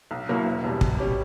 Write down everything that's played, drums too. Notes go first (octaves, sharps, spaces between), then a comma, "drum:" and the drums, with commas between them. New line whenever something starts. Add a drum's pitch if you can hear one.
B1
B2 F#3 A#3 E4
E1
E2 B2 G3
B2, drum: kick
G3 C#4 G4